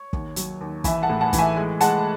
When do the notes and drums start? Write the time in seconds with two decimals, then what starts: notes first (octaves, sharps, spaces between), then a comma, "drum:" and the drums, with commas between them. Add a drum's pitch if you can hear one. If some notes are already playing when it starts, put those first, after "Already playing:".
Already playing: C#5
0.13 D#2, drum: kick
0.36 F#3, drum: hi-hat
0.61 D#2
0.84 E3 E5 G#5, drum: kick, hi-hat
1.03 F#5 A5
1.09 A2
1.21 F#5 A5
1.33 E3, drum: kick, hi-hat
1.38 E5 G#5
1.57 G#3
1.81 G#3 F#5 A5, drum: hi-hat